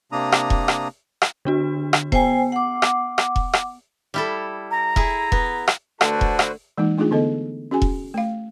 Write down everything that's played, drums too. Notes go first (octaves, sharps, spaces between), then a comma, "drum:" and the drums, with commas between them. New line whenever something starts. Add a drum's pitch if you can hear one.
C3 A#3 D4 A#5 D#6
drum: rim click
drum: kick E1
drum: rim click
drum: rim click
D3 D4 F#4
drum: rim click
B3 C5 G5 G#5 C7, drum: kick E1
F#5 D6
drum: rim click
drum: rim click
drum: kick E1
drum: rim click
G3 E4 A4
A#5
E4 G#4, drum: kick E1
B3, drum: kick E1
drum: rim click
D3 A3 F#4 B4 C5 A5, drum: rim click
drum: kick E1
drum: rim click
E3 G#3 A#3 D#4
A3 D4 D#4 F4 G#4
D3 B3 A4 D#5
C#4 F#4 G#4 G#5
drum: kick E1
A3 F5